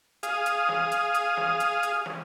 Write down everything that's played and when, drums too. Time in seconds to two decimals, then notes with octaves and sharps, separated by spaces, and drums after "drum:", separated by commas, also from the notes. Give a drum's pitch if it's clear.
0.23 G#4 F5 D#6, drum: hi-hat
0.46 drum: hi-hat
0.69 drum: snare
0.91 drum: hi-hat
1.14 drum: hi-hat
1.37 drum: snare
1.60 drum: hi-hat
1.83 drum: hi-hat
2.06 drum: snare